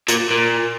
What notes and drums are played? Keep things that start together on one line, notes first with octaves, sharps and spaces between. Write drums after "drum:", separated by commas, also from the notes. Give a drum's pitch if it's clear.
A#2, drum: hi-hat
A#2